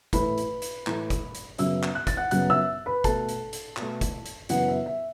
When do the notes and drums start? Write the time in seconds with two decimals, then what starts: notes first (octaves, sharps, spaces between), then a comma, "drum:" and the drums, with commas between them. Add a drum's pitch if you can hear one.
0.13 A2 E3 A3 B4 B5, drum: kick F#1, hi-hat
0.38 drum: hi-hat
0.62 drum: hi-hat
0.87 A2 E3 A3, drum: clap
1.10 drum: kick F#1, hi-hat
1.35 drum: hi-hat
1.58 F#2 C#3 F#3 B3 E5 E6, drum: hi-hat
1.83 drum: clap
1.95 F#6
2.07 A6, drum: kick F#1, hi-hat
2.17 F#5 F#6
2.31 F#2 C#3 F#3 B3 F#5 F#6, drum: hi-hat
2.50 E5 E6
2.86 B4 B5
3.04 B2 A3 A4 A5, drum: kick F#1, hi-hat
3.29 drum: hi-hat
3.53 drum: hi-hat
3.77 B2 A3, drum: clap
4.01 drum: kick F#1, hi-hat
4.26 drum: hi-hat
4.49 F#2 C#3 E3 B3 F#5, drum: hi-hat
4.68 E5
4.86 E5